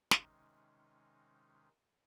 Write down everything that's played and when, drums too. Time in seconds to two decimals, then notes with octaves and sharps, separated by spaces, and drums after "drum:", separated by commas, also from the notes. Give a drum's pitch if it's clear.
0.11 C3 D#3 G#3 C#4 D#4, drum: snare